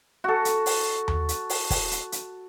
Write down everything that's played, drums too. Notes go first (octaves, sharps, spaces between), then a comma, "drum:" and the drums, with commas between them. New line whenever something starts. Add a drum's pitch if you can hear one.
F#4 A4
drum: hi-hat
drum: open hi-hat
drum: tom D#2
drum: hi-hat
drum: open hi-hat
drum: kick, open hi-hat
drum: hi-hat
drum: hi-hat